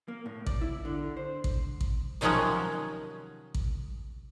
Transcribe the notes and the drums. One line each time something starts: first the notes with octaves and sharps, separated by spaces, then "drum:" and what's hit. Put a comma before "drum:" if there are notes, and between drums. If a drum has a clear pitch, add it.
A#3
A2
D5, drum: kick A1
E4
D3
C5
drum: kick A1
drum: kick A1
C3 D#3 F3 F#3 G#3 C#4
drum: kick A1